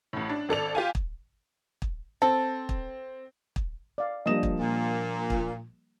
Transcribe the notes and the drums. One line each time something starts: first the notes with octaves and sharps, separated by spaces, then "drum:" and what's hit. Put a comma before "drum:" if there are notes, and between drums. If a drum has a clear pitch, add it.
A1 A2
D4
G#1 A4 D5 F7
F4 G4 F5 G#5
drum: kick
drum: kick
C4 A4
drum: kick
drum: kick
D5 F5
F3 G3 A#3 D4 D#5 E7
drum: kick
A#2
drum: kick